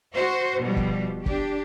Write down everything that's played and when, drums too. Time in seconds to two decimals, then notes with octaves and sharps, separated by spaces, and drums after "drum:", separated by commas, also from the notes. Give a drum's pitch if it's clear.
0.13 F#4 C5
0.60 B2 F3 G3
0.77 drum: kick
1.26 D4 G4, drum: kick